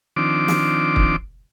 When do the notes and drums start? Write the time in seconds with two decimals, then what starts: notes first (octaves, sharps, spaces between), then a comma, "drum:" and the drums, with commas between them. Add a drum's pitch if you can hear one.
0.16 D#3 F3 C4 D4 D6
0.48 drum: snare
0.96 drum: kick